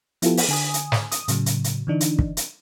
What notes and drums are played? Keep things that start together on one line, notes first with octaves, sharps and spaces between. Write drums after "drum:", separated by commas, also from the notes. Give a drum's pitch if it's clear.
F3 B3 E4 F4 G4 A4, drum: hi-hat
drum: open hi-hat
D3 G#5 D#6
drum: hi-hat
drum: snare
D#6, drum: hi-hat
A2 C#3 F#3, drum: hi-hat
drum: hi-hat
drum: hi-hat
D3 E3 D4 D#4
drum: hi-hat
drum: kick
drum: hi-hat